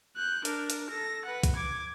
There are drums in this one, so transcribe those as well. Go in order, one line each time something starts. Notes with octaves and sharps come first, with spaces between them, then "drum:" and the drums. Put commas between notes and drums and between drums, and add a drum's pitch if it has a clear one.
F#6 G6
D4 A#4, drum: hi-hat
drum: hi-hat
A4 A#6
B4 F#5
drum: kick, hi-hat
D6 G#6